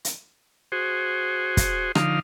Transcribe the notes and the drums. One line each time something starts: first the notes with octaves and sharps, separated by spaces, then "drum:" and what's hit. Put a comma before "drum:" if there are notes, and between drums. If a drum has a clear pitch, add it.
drum: hi-hat
F#4 G#4 C5
drum: kick, hi-hat
D3 F3 D#4 F5, drum: rim click